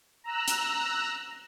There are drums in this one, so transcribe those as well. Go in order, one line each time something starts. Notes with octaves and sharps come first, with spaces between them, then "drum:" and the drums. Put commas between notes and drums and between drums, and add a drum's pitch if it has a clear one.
A#5 E6 F#6
drum: hi-hat